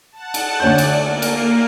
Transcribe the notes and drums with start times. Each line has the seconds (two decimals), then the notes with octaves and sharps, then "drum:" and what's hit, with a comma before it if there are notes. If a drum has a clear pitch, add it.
0.12 F#5 A5
0.34 drum: cymbal
0.60 D2 C#5 D5 G6
0.78 drum: cymbal
1.02 A#3
1.22 drum: cymbal